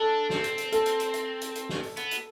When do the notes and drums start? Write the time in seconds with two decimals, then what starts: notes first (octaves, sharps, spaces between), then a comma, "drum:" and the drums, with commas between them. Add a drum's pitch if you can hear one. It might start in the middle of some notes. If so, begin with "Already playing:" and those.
Already playing: D4 A4
0.30 C4, drum: snare
0.44 drum: hi-hat
0.58 drum: hi-hat
0.72 A4, drum: hi-hat
0.86 drum: hi-hat
1.00 drum: hi-hat
1.14 drum: hi-hat
1.41 drum: hi-hat
1.55 drum: hi-hat
1.69 drum: snare
1.83 drum: open hi-hat
1.97 B3, drum: hi-hat
2.11 drum: hi-hat